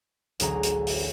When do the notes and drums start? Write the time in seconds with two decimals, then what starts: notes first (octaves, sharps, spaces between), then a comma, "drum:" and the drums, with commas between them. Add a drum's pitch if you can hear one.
0.39 A1 D2 F#3 G#4 A#5, drum: hi-hat
0.63 drum: hi-hat
0.87 drum: open hi-hat